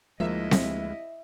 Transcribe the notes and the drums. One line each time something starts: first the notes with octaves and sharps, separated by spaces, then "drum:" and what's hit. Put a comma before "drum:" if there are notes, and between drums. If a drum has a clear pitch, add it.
D2 F3 G#3 A#3 E4 D#5 E5
drum: snare C4